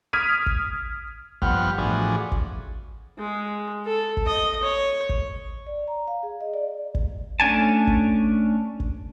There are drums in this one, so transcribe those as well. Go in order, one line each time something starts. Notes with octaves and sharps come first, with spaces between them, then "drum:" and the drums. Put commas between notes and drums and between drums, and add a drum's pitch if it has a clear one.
D#6 F6 G#6 B6 D7 D#7
drum: kick
G2 F3 B3 F#5 G5 F6, drum: kick
A2 E3 F3 D4 F#4 G#4
drum: kick
G#3
A4
drum: kick
D#5
C#5
drum: kick
D5
A#5
F5
G#4
D#5
D5
drum: kick
A3 C#4 D4 G#5 A5
drum: kick
drum: kick